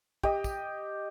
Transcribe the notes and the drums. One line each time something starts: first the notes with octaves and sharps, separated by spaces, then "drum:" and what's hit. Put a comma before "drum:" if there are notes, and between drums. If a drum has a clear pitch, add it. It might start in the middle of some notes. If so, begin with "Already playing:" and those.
G4 D#5, drum: kick
drum: kick, tambourine